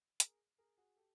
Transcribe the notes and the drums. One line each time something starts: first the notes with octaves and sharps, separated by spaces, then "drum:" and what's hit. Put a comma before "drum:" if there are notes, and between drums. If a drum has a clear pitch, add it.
G#4 A#4, drum: hi-hat
G#4 A#4
F#4 G#4
G4 A4